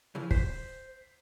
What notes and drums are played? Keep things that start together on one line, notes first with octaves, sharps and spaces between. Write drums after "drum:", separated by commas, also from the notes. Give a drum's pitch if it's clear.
C#3 E3 F3
C5 G6 B6 C7, drum: kick